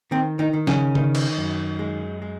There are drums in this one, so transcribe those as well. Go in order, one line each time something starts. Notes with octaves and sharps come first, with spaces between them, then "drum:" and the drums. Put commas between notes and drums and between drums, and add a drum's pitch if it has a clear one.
D#3 C4
D#3 D#4
D#3
C#3 C#4, drum: snare
D#3, drum: tom C#3
drum: cymbal
F#2
G#3
G#3